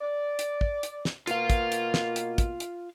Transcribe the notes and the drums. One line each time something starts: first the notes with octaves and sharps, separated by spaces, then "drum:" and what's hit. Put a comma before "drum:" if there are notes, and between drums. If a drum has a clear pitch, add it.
D5
drum: hi-hat
drum: kick
drum: hi-hat
drum: snare
B2 A#3 F4 F5, drum: hi-hat
drum: kick, hi-hat
drum: hi-hat
drum: snare
drum: hi-hat
drum: kick, hi-hat
drum: hi-hat